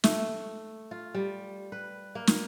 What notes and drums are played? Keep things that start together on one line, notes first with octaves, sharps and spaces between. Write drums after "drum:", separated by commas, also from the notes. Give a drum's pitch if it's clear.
A3, drum: snare
F4
G3
B4
A#3
drum: snare